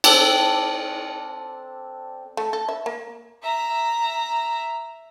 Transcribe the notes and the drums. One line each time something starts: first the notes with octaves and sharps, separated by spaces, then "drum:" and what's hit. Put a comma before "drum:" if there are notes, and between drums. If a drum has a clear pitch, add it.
C4 D4 A4, drum: cymbal
A3
A4
E5
A#3
E5 A#5